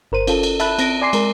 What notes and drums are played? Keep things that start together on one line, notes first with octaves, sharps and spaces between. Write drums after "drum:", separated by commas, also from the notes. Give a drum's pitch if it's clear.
G1 A#4 C5 D#7
C#4 F4 A4, drum: cymbal
drum: cymbal
E5 A5 B5 F#6, drum: cymbal
C4 A#6 D7, drum: cymbal
D5 G#5 C6 D6 C7
G#3 A#4, drum: cymbal